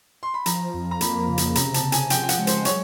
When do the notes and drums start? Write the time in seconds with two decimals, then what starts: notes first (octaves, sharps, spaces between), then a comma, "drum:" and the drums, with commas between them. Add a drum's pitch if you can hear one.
0.23 C6
0.34 B5
0.46 F3 A#5, drum: hi-hat
0.74 F2
0.91 A#5
1.01 A#3 B5, drum: hi-hat
1.28 C#3
1.38 drum: hi-hat
1.55 C3 A#5, drum: hi-hat
1.74 A5, drum: hi-hat
1.84 C3
1.92 G#5, drum: hi-hat
2.10 F3 G5, drum: hi-hat
2.23 G5
2.29 F#5, drum: hi-hat
2.38 G#3
2.47 C5, drum: hi-hat
2.65 F#3 C#5, drum: hi-hat